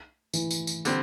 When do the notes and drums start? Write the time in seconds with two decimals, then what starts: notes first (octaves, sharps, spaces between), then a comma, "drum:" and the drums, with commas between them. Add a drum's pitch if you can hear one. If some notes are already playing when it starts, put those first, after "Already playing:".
0.34 E3, drum: tambourine
0.51 drum: tambourine
0.67 drum: tambourine
0.85 D3 G3 C4, drum: tambourine